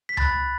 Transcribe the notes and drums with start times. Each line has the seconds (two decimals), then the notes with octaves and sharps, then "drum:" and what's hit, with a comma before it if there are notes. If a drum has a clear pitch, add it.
0.09 B6
0.17 B5 F#6 A6, drum: tom C#2